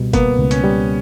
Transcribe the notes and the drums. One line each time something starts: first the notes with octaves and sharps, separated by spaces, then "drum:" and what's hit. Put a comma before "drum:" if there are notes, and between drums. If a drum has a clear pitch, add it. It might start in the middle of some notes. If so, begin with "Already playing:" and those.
Already playing: C#2 B2 G3
A#3 B3, drum: kick, hi-hat
C#2
C#4, drum: hi-hat
G3